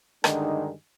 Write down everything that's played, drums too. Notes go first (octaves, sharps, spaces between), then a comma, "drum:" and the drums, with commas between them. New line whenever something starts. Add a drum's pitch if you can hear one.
G2 D3 D#3 G#3 D4 D#4, drum: rim click